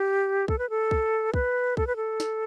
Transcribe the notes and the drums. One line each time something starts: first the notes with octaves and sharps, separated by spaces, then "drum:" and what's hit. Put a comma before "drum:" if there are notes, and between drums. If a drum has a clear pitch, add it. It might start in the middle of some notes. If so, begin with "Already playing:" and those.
Already playing: G4
A4, drum: kick
B4
A4
drum: kick
B4, drum: kick
A4, drum: kick
B4
A4
drum: snare